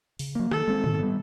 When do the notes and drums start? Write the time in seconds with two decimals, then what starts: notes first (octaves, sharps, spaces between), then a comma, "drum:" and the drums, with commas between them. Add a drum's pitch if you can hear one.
0.19 C#3, drum: open hi-hat
0.35 F#3 A#3
0.51 D#3 A4, drum: rim click
0.68 G#3 C4
0.84 D#3, drum: tom
0.99 G3 B3